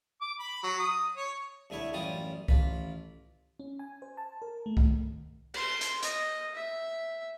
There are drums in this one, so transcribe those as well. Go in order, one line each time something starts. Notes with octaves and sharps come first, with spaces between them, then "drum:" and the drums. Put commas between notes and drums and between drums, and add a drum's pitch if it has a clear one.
D6
B5
F#3
D#6
C#5
C2 D3 A3 E4 C#5
A1 F#2 G3 F4 G4 D#6
A1 F4 B5, drum: kick C2
C#4
G#5
C5
A5
A#4
A3
drum: kick C2
C6, drum: cymbal
drum: hi-hat
D#5, drum: hi-hat
E5